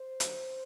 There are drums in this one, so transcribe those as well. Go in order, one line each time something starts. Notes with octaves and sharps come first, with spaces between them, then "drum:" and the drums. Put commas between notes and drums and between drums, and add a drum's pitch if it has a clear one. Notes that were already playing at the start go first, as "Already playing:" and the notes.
Already playing: C5
D#2 D3 F#3, drum: hi-hat